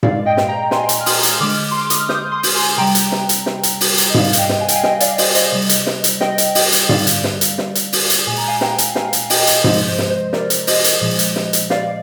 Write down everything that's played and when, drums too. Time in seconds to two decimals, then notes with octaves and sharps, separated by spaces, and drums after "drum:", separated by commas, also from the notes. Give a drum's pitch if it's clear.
0.03 A#2 G#3 D5 F5, drum: tom G#2
0.26 D#5 G5
0.37 drum: snare
0.48 G5 A#5
0.71 G#5 C6, drum: snare
0.89 drum: hi-hat
1.00 F6
1.06 C6 D#6, drum: open hi-hat
1.23 drum: hi-hat
1.40 D3 G#3 D6 F6
1.71 C6
1.81 D6
1.90 D#6, drum: hi-hat
1.99 F6
2.09 D#6 G6, drum: snare
2.32 C6 D#6
2.43 drum: open hi-hat
2.55 G#5 C6
2.78 C3 G3 G5 A#5
2.95 drum: hi-hat
3.12 drum: snare
3.29 drum: hi-hat
3.46 drum: snare
3.63 drum: hi-hat
3.81 drum: open hi-hat
3.98 drum: hi-hat
4.09 D#5
4.14 C3 G3 D5 F5, drum: tom G#2
4.33 F5, drum: hi-hat
4.37 D#5 G5
4.49 drum: snare
4.61 G#5
4.68 G5, drum: hi-hat
4.76 F5 G#5
4.83 D#5 G5, drum: snare
5.00 D5 F5, drum: hi-hat
5.18 C5 D#5, drum: open hi-hat
5.35 C5 D#5, drum: hi-hat
5.52 C3 G3
5.69 drum: hi-hat
5.87 drum: snare
6.04 drum: hi-hat
6.21 D#5 G5, drum: snare
6.38 drum: hi-hat
6.55 D#5 G5, drum: open hi-hat
6.72 drum: hi-hat
6.89 D3 G3 D5 F5, drum: tom G#2
7.07 drum: hi-hat
7.24 drum: snare
7.41 drum: hi-hat
7.58 drum: snare
7.75 drum: hi-hat
7.93 drum: open hi-hat
8.10 drum: hi-hat
8.27 A#2 G#3 G#5
8.37 A#5
8.47 F5 G#5
8.61 G5 A#5, drum: snare
8.78 drum: hi-hat
8.95 F5 G#5, drum: snare
9.13 drum: hi-hat
9.30 D#5 G5, drum: open hi-hat
9.47 drum: hi-hat
9.64 C3 F3 G#3 C5 D#5, drum: tom G#2
9.87 C5
9.99 drum: snare
10.10 C5
10.33 A#4 D5, drum: snare
10.50 drum: hi-hat
10.67 C5 D#5, drum: open hi-hat
10.84 drum: hi-hat
11.01 A#2 F3 G#3
11.19 drum: hi-hat
11.36 drum: snare
11.53 drum: hi-hat
11.70 D5 F5, drum: snare